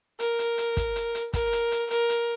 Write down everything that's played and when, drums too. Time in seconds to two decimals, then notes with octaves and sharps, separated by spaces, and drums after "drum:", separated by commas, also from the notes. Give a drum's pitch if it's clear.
0.20 A#4, drum: hi-hat
0.39 drum: hi-hat
0.58 drum: hi-hat
0.77 drum: kick, hi-hat
0.96 drum: hi-hat
1.15 drum: hi-hat
1.34 A#4, drum: kick, hi-hat
1.53 drum: hi-hat
1.72 drum: hi-hat
1.91 A#4, drum: hi-hat
2.10 drum: hi-hat